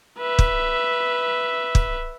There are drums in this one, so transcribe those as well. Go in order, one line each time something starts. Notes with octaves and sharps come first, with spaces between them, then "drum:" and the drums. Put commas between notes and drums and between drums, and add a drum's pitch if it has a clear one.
B4 E5
drum: kick
drum: kick